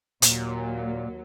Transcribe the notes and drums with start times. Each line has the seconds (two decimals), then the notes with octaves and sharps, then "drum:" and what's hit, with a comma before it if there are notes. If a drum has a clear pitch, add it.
0.22 D#2 A#2 F#3, drum: hi-hat